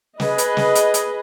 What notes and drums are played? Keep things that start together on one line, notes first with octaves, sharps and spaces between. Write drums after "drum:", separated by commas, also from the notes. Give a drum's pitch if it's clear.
G#4 B4 D#5, drum: snare
drum: hi-hat
drum: snare
drum: hi-hat
drum: hi-hat